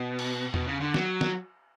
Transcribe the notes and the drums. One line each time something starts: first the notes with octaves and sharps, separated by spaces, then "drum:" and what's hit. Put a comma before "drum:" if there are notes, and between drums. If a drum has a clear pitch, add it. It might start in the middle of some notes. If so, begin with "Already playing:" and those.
Already playing: B2
drum: cymbal
B2, drum: tom E2
C#3
D3
F#3, drum: snare
drum: snare